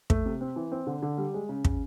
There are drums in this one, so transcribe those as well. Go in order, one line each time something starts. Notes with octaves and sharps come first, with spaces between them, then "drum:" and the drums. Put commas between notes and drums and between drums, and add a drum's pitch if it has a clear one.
A3, drum: kick
C3
C4
E3
C4
D3
D3
G3
G#3
C#3
C#3, drum: kick